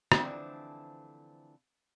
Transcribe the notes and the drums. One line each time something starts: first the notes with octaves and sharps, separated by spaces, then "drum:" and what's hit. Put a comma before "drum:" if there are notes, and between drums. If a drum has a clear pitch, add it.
D3 E3 F3 A3 C4 D4, drum: rim click